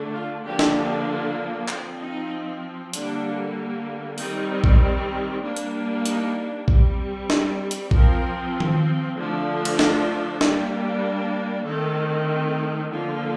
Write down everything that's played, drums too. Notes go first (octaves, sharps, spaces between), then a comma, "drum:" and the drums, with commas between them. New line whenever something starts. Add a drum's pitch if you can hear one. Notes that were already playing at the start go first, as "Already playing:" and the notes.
Already playing: D3 A3 D4
F4
D3 F3 A#3 D4 G4
drum: snare
F3 C4, drum: clap
D#4
D3 G3 A#3 D4, drum: hi-hat
D#3 G3 C4 D#4, drum: open hi-hat
drum: kick A#1
G3 A#3 D4
drum: hi-hat
D#4, drum: hi-hat
G3 C4, drum: kick A#1
drum: snare
drum: hi-hat
F3 C4 A#4, drum: kick A#1
drum: tom D#3
D3 F3 A3 D4
drum: cymbal
A4, drum: snare
G3 A#3 D4 G4, drum: snare
D#3 A3 C4 A4
D3 F3 A#3 F4